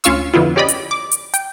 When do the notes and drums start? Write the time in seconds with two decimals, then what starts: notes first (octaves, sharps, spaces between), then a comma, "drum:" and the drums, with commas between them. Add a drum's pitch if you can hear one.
0.04 D2 C#4 F4 F5 C#6 E6, drum: hi-hat
0.34 F2 D3 B3 E4 F4
0.56 C#4 G4 D5 D#5 B5
0.68 drum: hi-hat
0.91 D6
1.11 drum: hi-hat
1.34 G5, drum: hi-hat